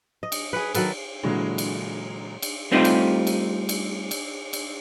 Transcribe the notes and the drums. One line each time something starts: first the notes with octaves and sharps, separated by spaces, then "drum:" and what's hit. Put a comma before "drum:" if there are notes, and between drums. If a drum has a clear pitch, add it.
D#5
drum: cymbal
G#4 B4
D#3 F#3 A4 B4, drum: cymbal
A#2 D3 E3 F#3 G#3
drum: cymbal
drum: cymbal
G3 A3 C4 D#4 F4 G4
drum: cymbal
drum: cymbal
drum: cymbal
drum: cymbal
drum: cymbal